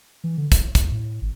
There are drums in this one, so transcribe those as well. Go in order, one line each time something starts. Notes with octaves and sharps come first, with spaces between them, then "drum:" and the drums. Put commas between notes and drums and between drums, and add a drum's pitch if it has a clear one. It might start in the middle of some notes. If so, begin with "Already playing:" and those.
E3
D3
D1, drum: kick, hi-hat
D#2, drum: kick, hi-hat
A2
G#1